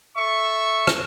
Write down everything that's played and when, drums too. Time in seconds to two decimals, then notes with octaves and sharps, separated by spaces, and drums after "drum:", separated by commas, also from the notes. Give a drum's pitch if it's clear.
0.16 A4 E5 C#6
0.87 drum: rim click